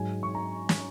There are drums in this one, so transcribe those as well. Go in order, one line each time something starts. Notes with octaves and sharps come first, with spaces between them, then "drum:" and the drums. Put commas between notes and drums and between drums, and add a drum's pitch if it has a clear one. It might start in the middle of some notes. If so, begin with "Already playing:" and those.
Already playing: G#2 F#3 G#5
C#6
A#5
drum: snare